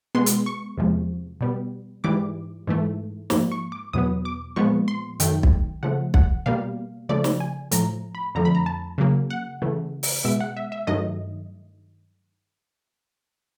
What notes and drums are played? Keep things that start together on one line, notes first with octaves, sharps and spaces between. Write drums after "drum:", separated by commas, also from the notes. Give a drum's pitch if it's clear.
B2 G#3 B3 C6
drum: hi-hat
C#6
E2 C3 F3 G#3
B2 G3 B3
G#2 E3 G3 D6
G#2 E3 A3
G#2 F3 A#3, drum: snare
C#6
D6
E2 B2 F#3 B3 D#6
D6
A#2 F3 G#3 B3 C#6
C6
F#2 D#3 F#3 A3 G5, drum: hi-hat
drum: kick
C#3 F3 A3 F#5
F#5, drum: kick
B2 G3 A#3 F5
C#3 F3 A3 D5
drum: snare
G#5
A2 F3 A3 A#5, drum: hi-hat
B5
F2 D3 F3 A3 A#5
B5
A#5
A5
C#3 F#3 A#3
F#5
C#3 E3 A3
drum: open hi-hat
B2 G#3 B3 E5
F#5
E5
E5
G2 D#3 F#3 A3 D#5